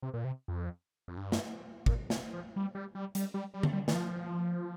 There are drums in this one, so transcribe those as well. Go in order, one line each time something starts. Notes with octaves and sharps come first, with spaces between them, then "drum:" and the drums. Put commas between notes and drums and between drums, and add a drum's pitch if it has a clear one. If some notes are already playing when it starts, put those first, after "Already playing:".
C3
A#2
C3
F2
F2
G2
drum: snare
A#2, drum: kick
C3, drum: snare
F3
G3
G3
G3
G3, drum: hi-hat
G3
G3
drum: tom D3
G3
D#3, drum: snare
F3